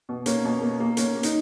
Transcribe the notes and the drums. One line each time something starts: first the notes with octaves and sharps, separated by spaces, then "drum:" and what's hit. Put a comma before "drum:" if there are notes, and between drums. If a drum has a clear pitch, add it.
B2
A#3 C#4, drum: hi-hat
B2
A#3
A#3
A#3 C#4, drum: hi-hat
A#3
D#4, drum: hi-hat